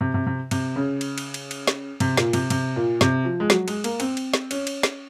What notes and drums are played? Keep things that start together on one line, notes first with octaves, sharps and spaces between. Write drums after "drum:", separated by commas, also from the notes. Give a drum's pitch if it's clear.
C3
C3
C3
C3, drum: cymbal
C#3
drum: cymbal
drum: cymbal
drum: cymbal
drum: cymbal
drum: snare
C3, drum: cymbal
A#2, drum: snare
C3, drum: cymbal
C3, drum: cymbal
A#2
C3, drum: snare
F3
G#3
F#3, drum: snare
G#3, drum: cymbal
A#3, drum: cymbal
C4, drum: cymbal
drum: cymbal
drum: snare
C#4, drum: cymbal
drum: cymbal
drum: snare